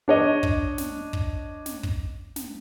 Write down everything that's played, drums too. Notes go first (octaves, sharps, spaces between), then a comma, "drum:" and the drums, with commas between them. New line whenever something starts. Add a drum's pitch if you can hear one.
D4 C#5 D#5
drum: kick
drum: snare
drum: kick
drum: snare
drum: kick
drum: snare